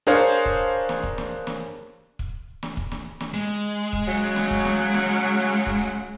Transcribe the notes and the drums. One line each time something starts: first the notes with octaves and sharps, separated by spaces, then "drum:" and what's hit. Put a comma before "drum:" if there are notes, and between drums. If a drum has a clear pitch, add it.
D4 G#4 A#4 C5 C#5 F5
drum: kick
drum: snare
drum: kick
drum: snare
drum: snare
drum: kick
drum: snare
drum: kick
drum: snare
drum: snare
G#3
drum: kick
C#3 F#3
drum: snare
drum: kick
drum: snare
drum: snare
drum: kick